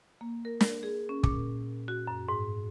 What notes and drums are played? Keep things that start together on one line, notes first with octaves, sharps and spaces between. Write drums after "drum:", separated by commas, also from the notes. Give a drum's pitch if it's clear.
A#3
A#4
A#4, drum: snare
G#4
C#4
A#2, drum: kick
F#4
F#2
G#2